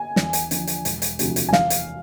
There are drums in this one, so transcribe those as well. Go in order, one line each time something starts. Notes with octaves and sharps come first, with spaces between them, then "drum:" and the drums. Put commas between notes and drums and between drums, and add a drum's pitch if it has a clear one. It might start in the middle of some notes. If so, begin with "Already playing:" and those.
Already playing: G#5
E2, drum: snare
drum: hi-hat
D3 F3, drum: hi-hat
drum: hi-hat
E1, drum: hi-hat
drum: hi-hat
D2 C3 F3, drum: hi-hat
drum: hi-hat
G#5
E2 F5, drum: snare
drum: hi-hat